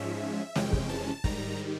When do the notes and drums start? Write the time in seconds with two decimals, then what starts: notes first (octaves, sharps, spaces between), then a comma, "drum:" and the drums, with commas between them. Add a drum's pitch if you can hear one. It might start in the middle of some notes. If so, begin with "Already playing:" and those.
Already playing: G#2 F3 G#3 C#4 E5
0.55 F2 C3 E3 G#3 C#4 G5, drum: snare
0.73 drum: kick
0.89 A5
1.24 G#2 D#3 G3 A#5, drum: kick